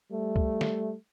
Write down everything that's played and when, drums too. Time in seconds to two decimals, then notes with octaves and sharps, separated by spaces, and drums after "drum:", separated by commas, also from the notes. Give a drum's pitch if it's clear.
0.11 G3 A3
0.36 drum: kick
0.61 drum: snare